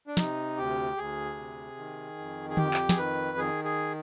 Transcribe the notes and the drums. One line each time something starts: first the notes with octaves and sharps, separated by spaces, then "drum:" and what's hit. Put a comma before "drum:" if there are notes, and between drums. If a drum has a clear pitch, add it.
D4
C3 D#4, drum: snare
D2 G4
D2 G#4
C3
D#3
F2
G#4
F2 G4, drum: tom D3
drum: clap
G#4, drum: snare
D#3 B4
D#3 G#4
G#4